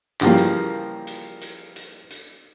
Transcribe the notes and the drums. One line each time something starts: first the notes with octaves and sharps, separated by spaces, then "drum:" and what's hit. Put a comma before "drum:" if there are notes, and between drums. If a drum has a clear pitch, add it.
C#3 E3 F3 G3 A#3, drum: clap
drum: hi-hat
drum: hi-hat
drum: hi-hat
drum: hi-hat
drum: hi-hat